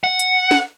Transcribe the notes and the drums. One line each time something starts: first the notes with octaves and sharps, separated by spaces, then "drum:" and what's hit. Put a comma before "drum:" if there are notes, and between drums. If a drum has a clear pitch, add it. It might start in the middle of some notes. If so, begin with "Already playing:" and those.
F#5
drum: hi-hat
drum: snare